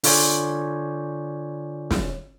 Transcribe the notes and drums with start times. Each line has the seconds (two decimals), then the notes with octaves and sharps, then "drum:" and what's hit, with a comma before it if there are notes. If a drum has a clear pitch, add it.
0.04 D3 F4 C#5 D5 G#5 G6, drum: open hi-hat
1.91 drum: snare